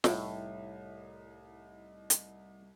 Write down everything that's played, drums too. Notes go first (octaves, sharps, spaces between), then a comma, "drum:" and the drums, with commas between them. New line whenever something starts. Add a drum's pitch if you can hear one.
C2 A2 D#4, drum: snare
drum: hi-hat